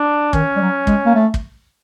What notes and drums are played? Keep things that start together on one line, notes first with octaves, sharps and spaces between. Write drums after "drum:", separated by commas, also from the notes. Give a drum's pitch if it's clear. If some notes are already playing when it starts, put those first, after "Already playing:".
Already playing: D4
D#3 C#4, drum: kick
G3
F#3
G#3, drum: kick
A#3
A3
drum: kick